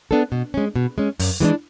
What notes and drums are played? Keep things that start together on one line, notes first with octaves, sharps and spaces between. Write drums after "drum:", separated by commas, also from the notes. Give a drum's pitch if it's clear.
B3 D4 A4
B2
G#3 C#4
B2
G#3 C#4
F#2, drum: open hi-hat
E3 G#3 B3 D4